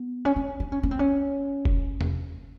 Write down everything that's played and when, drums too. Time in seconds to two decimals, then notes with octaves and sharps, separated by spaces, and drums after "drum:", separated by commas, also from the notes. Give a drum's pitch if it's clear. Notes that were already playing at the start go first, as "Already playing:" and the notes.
Already playing: B3
0.25 C#4
0.36 C#4
0.60 D4
0.72 C#4
0.83 C#4
0.91 C4
0.99 C#4
1.65 drum: kick F1
2.01 drum: tom E2